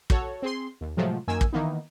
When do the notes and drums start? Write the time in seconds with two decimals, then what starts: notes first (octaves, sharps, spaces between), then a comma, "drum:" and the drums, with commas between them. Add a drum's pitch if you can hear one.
0.10 F#4 A4 C#5, drum: kick
0.42 C4 G#4 C6
0.81 D#2
0.97 A2 C3 F3 F#3 G#3 A3
1.28 F#2 D#3 A#3 G#5 E6
1.41 drum: kick
1.53 D#3 E3 A#3 B3 D#4